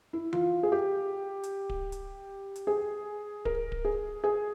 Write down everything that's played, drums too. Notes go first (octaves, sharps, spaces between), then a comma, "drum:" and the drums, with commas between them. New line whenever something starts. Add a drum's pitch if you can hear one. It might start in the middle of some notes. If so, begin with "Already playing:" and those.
E4
F4, drum: tom E3
G#4
G4
drum: hi-hat
drum: kick D1
drum: hi-hat
drum: hi-hat
G#4
A#4, drum: kick D1
drum: kick D1
G#4
G#4